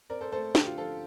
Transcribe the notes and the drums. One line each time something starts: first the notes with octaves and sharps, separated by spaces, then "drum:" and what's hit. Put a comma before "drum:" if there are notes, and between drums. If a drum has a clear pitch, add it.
C4 A#4 D5
A4 C5
A3 A4 C5
D3 G4, drum: snare
F4
F3 F4 A4